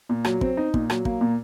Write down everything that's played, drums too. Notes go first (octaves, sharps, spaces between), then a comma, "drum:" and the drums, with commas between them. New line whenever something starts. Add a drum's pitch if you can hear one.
A#2
F#3, drum: rim click
C4, drum: kick
D#4
A#2, drum: kick
F#3, drum: rim click
A#3, drum: kick
A#2